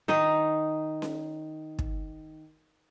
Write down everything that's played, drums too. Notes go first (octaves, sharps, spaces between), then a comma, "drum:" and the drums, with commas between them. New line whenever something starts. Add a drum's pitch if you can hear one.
D#3 D#4 D#5
drum: snare C#4
drum: kick